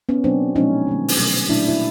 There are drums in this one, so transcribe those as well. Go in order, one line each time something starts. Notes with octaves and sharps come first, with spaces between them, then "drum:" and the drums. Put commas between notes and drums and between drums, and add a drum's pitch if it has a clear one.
B3 C#4
B2 F#3 A#3 C4 D4
A#2 F3 G#3 C#4 D#4
D3 G3 A#3
drum: open hi-hat
B2 F#3 A3
A#2 F#3 A3 D4 E4
E4